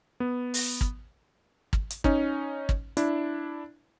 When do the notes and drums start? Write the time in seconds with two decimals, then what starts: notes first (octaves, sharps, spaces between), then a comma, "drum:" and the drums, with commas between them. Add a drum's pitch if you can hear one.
0.20 B3
0.54 drum: open hi-hat
0.81 drum: kick
1.73 drum: kick
1.90 drum: hi-hat
2.04 C#4 D#4, drum: kick
2.69 drum: kick
2.97 D4 E4, drum: hi-hat